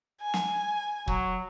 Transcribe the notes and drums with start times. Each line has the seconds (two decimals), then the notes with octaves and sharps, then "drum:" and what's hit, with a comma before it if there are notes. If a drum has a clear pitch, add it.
0.21 G#5
0.34 drum: snare
1.07 F#3, drum: kick